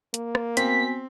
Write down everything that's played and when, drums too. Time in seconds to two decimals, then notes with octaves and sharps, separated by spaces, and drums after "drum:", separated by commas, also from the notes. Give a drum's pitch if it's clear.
0.14 A#3, drum: hi-hat
0.35 drum: rim click
0.57 B3 C4 F#4 G#5 B6, drum: hi-hat